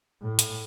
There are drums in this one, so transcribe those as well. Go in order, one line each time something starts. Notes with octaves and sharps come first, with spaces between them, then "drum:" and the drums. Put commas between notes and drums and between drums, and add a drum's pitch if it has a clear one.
A2
drum: hi-hat